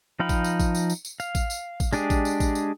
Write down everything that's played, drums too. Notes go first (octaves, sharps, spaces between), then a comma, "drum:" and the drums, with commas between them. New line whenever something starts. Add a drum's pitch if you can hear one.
F3 D#4 F5 G5 B5
drum: kick A1, tambourine
drum: tambourine
drum: kick A1, tambourine
drum: tambourine
drum: tambourine
drum: tambourine
F5, drum: tambourine
drum: kick A1, tambourine
drum: tambourine
drum: kick A1, tambourine
G#3 D4 G4 G#4, drum: tambourine
drum: kick A1, tambourine
drum: tambourine
drum: kick A1, tambourine
drum: tambourine